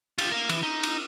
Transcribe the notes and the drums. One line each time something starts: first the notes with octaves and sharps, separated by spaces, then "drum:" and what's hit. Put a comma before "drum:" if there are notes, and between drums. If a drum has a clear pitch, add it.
F4 G4, drum: cymbal
A#4 F5
E3, drum: cymbal
D#4
drum: cymbal